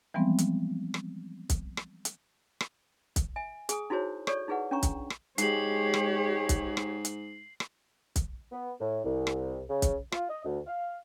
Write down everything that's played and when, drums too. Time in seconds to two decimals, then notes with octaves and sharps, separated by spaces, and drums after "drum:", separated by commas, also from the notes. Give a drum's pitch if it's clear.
0.14 E3 F3 G3 G#3 B3 C4
0.38 drum: hi-hat
0.94 drum: rim click
1.50 drum: kick B1, hi-hat
1.77 drum: rim click
2.05 drum: hi-hat
2.61 drum: rim click
3.16 drum: kick B1, hi-hat
3.36 E5 G#5
3.69 G#4 G#5 D#6, drum: hi-hat
3.90 D#4 E4 F#4 G#4 C5 C#5
4.27 A4 C#5 D5 C#6, drum: rim click
4.48 D#4 E4 G#4 B4 F#5
4.71 C#4 D4 C#5 G5 A#5 C#6
4.83 drum: kick B1, hi-hat
5.10 drum: rim click
5.38 G#2 G#3 G4 C#5 C7 F#7, drum: hi-hat
5.94 drum: rim click
6.49 drum: kick B1, hi-hat
6.77 drum: rim click
7.05 drum: hi-hat
7.60 drum: rim click
8.16 drum: kick B1, hi-hat
8.52 B3
8.80 A2
9.04 C2
9.27 drum: rim click
9.70 C#3
9.82 drum: kick B1, hi-hat
10.12 F4, drum: rim click
10.29 D#5
10.45 D2
10.67 F5